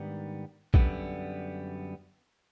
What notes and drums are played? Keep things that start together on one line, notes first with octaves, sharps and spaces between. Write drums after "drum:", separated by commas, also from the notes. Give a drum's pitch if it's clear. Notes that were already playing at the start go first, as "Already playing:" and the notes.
Already playing: G#2 D#3 G3 B3 D4
F#2 D3 G3 B3, drum: kick A#1